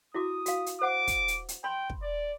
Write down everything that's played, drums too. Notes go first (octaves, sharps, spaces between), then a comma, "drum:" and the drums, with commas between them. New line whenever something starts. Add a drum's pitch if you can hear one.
E4 F#4 D6 D#6
F#4 F5, drum: hi-hat
drum: hi-hat
C5 F#5 D6
drum: kick, hi-hat
drum: hi-hat
drum: hi-hat
G5 B5 C6
drum: kick
D5